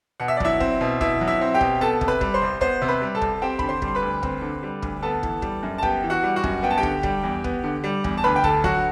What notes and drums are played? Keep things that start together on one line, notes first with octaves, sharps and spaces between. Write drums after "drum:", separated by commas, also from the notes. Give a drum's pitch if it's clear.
B2 F#5
E5
D5
F#3 E4 E5, drum: kick
C4, drum: kick
B2
B2 E4 E5, drum: kick
F#3
E4 E5
C4
G4 G5
B2, drum: kick
B3 A4 A5
C3, drum: kick
B4 B5
G3, drum: kick
C5 C6
C2
B3 C5 C6, drum: kick
C3
B4 B5
G3
A4 A5
C2, drum: kick
C4 G4 G5
D3 B5, drum: kick
C5 C6
G3, drum: kick
C6
B4 B5
D2
C4, drum: kick
D3
G3
D2, drum: kick
B3 A4 A5
E3, drum: kick
G3, drum: kick
F#2
A5
B3 G4 G5, drum: kick
E3
F#4 F#5
G3
F#4 F#5
F#2, drum: kick
B3 G5
A5
G4 G5
D3, drum: kick
G3, drum: kick
E2
B3, drum: kick
D3
G3
E2, drum: kick
A5
D2 B4 B5
G5
D3 A4 A5, drum: kick
F#3 F#4 F#5, drum: kick